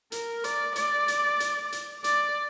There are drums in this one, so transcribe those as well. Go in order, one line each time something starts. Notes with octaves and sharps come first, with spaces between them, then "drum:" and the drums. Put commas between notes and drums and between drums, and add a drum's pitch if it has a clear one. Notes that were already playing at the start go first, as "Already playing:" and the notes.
A#4, drum: hi-hat
D5, drum: hi-hat
D5, drum: hi-hat
drum: hi-hat
drum: hi-hat
drum: hi-hat
D5, drum: hi-hat